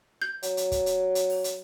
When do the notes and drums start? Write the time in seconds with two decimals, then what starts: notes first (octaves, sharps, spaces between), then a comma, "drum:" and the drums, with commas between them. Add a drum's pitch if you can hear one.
0.22 G6
0.43 F#3, drum: hi-hat
0.57 drum: hi-hat
0.72 drum: kick, hi-hat
0.86 drum: hi-hat
1.15 drum: hi-hat
1.30 drum: open hi-hat
1.44 drum: hi-hat